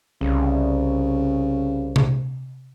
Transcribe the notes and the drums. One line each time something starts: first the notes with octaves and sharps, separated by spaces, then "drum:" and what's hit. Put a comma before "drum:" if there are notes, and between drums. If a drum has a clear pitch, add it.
C2 C#3
drum: tom C3